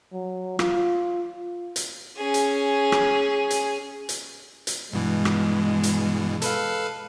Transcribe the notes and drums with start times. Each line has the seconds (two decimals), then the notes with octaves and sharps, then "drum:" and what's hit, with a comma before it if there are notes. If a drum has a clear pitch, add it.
0.13 F#3
0.59 F4, drum: rim click
1.76 drum: hi-hat
2.17 C#4 G#4
2.34 drum: hi-hat
2.92 drum: rim click
3.50 drum: hi-hat
4.09 drum: hi-hat
4.67 drum: hi-hat
4.93 G2 B2 E3 G#3
5.25 drum: rim click
5.83 drum: hi-hat
6.42 A4 B4 F5, drum: hi-hat